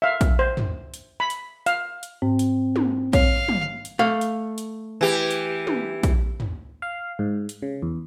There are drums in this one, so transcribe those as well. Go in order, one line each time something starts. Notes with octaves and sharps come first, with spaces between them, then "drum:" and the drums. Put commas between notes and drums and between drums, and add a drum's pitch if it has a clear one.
E5 F5
drum: kick A#1, hi-hat
C5
drum: tom
drum: hi-hat
B5
drum: hi-hat
F5, drum: hi-hat
drum: hi-hat
G#2 C4
drum: hi-hat
drum: tom
C#5 F5, drum: kick A#1, hi-hat
drum: tom
drum: hi-hat
A3 F5
drum: hi-hat
drum: hi-hat
E3 G4
drum: hi-hat
drum: tom
drum: kick A#1, hi-hat
drum: tom
F5
G#2
drum: hi-hat
C#3
E2